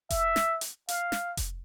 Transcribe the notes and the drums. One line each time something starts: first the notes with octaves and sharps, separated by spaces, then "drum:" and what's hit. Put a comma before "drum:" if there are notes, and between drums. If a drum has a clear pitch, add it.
E5, drum: kick F1, hi-hat
drum: snare
drum: hi-hat
F5, drum: hi-hat
drum: snare
drum: kick F1, hi-hat